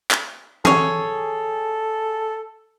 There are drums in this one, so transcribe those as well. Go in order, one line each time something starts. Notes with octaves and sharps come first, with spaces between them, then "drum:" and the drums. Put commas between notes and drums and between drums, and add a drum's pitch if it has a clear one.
drum: clap
G#4 A4 C#5, drum: tom